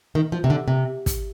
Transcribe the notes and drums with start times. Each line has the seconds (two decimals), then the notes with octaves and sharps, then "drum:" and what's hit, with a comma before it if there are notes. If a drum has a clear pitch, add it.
0.15 D#3
0.32 F3
0.44 C3
0.50 D3
0.68 C3
1.06 drum: kick, hi-hat